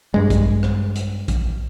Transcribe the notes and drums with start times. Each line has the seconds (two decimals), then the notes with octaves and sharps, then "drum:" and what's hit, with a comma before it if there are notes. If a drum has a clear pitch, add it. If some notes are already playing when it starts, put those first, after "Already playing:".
0.14 G2 G#3
0.30 drum: kick A#1, hi-hat
0.63 drum: rim click
0.96 drum: hi-hat
1.28 drum: kick A#1, hi-hat